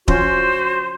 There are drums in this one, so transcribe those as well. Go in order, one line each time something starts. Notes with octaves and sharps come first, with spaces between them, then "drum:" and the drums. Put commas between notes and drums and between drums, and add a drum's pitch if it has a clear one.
F3 C#4 F#4 C5 C6, drum: kick D#1